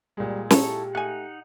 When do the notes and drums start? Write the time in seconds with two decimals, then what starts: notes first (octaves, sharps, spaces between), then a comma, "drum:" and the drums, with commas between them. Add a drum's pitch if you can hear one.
0.17 A#2 G3 G#3
0.51 D#4 E4 G4 A4 C#6, drum: snare
0.95 A3 D#4 F#5 G#5